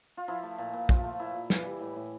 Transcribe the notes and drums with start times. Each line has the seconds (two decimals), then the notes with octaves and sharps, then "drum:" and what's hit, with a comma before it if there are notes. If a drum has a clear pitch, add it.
0.17 F4
0.28 F3 E4
0.43 A3
0.58 A#2
0.73 A#2
0.89 F3 F4, drum: kick
1.04 A3
1.19 A#2 E4
1.34 A#2
1.50 E3, drum: snare
1.65 G3
1.81 A2
1.96 A2